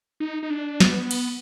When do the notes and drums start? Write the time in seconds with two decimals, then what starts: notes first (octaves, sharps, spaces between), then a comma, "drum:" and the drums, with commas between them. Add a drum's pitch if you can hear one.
0.20 D#4
0.43 D#4
0.50 D4
0.80 B3, drum: snare
1.11 drum: cymbal